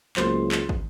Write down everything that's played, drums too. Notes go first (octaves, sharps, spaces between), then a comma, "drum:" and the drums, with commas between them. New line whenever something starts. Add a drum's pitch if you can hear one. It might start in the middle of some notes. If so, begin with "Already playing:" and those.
C#2 F#3 A#3 C5 C6, drum: clap
drum: clap
drum: kick